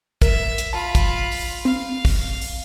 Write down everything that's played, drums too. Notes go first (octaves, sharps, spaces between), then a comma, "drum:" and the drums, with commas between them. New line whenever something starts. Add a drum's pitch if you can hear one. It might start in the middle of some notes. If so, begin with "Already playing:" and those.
A#4 E5, drum: kick, hi-hat
drum: hi-hat
F4 A5 B5
drum: kick, hi-hat
drum: open hi-hat
C4 F5
drum: kick, open hi-hat
drum: open hi-hat